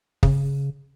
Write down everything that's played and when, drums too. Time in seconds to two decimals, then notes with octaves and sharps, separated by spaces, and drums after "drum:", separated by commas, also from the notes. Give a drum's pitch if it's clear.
0.23 C#3, drum: kick